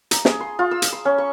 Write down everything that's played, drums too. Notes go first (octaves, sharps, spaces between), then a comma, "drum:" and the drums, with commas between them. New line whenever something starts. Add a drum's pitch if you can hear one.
A#5, drum: hi-hat
G#4, drum: snare
C6
F4
E6
drum: hi-hat
C6
C#4
C#6